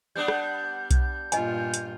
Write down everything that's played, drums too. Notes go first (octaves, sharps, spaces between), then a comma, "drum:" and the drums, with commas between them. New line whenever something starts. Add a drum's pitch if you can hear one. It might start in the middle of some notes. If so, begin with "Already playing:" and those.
G3 B3 D4 G6
drum: rim click
drum: kick B1, hi-hat
G2 A#2 F4 D#5 G#5, drum: hi-hat
drum: hi-hat